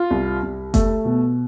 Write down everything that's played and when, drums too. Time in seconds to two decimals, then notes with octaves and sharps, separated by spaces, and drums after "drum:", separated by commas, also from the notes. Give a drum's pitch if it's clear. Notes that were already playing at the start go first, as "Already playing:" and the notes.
Already playing: F4
0.11 C2
0.42 C2
0.74 A3, drum: kick F#1, hi-hat
1.05 B2